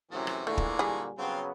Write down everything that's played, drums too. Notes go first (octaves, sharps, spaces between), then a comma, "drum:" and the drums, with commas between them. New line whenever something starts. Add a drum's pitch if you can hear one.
F#2 A2 C3 E3 F#3 C#4
drum: rim click
A#2 D3 E3 G#3 A3 C#6
drum: kick
G3 G#4
C#3 F#3 B3 C4 F4 G5